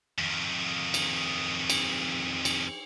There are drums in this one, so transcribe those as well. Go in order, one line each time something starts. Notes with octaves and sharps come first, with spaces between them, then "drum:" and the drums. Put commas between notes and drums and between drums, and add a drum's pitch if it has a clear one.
F2 D#3
drum: cymbal
drum: cymbal
drum: cymbal